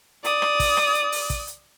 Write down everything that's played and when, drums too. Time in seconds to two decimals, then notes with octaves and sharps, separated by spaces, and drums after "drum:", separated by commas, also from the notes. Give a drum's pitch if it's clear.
0.24 D5 D#6, drum: hi-hat
0.42 drum: rim click
0.60 drum: kick, open hi-hat
0.77 drum: rim click
0.95 drum: hi-hat
1.12 drum: open hi-hat
1.30 drum: kick, hi-hat
1.47 drum: hi-hat